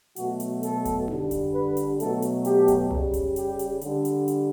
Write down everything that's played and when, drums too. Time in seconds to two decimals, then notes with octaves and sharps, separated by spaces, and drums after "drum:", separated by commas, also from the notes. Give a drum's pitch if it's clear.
0.16 B2 F#3 A3 F#4, drum: hi-hat
0.40 drum: hi-hat
0.63 A4, drum: hi-hat
0.85 drum: kick F1, hi-hat
1.08 D3 G3, drum: tom D#4
1.31 drum: kick F1, hi-hat
1.54 B4
1.77 drum: hi-hat
2.00 B2 F#3 A3 A4, drum: hi-hat
2.22 drum: hi-hat
2.45 G4, drum: hi-hat
2.68 drum: kick F1, hi-hat
2.91 C#3 G3, drum: tom C2
3.14 drum: kick F1, hi-hat
3.36 G4, drum: hi-hat
3.59 drum: hi-hat
3.81 D3 G3, drum: hi-hat
4.05 drum: hi-hat
4.28 drum: hi-hat